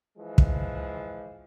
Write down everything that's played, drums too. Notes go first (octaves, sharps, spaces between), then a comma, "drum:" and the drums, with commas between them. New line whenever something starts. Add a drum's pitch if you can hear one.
E3 F3 G#3
drum: kick